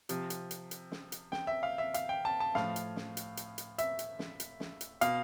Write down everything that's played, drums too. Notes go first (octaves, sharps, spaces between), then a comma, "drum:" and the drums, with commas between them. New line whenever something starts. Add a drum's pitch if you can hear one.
C3 F3, drum: hi-hat
drum: hi-hat
drum: hi-hat
drum: hi-hat
drum: snare
drum: hi-hat
G5, drum: snare
E5
F5
E5
F5, drum: hi-hat
G5
A5
A5
A2 F3 F5, drum: snare
drum: hi-hat
drum: snare
drum: hi-hat
drum: hi-hat
drum: hi-hat
E5, drum: hi-hat
drum: hi-hat
drum: snare
drum: hi-hat
drum: snare
drum: hi-hat
B2 F5, drum: hi-hat